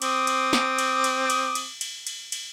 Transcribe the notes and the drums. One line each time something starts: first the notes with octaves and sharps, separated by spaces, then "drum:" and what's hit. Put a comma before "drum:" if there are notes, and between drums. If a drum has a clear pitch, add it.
C4 D6 D#6, drum: cymbal
drum: cymbal
drum: snare
drum: cymbal
drum: cymbal
drum: cymbal
drum: cymbal
drum: cymbal
drum: cymbal
drum: cymbal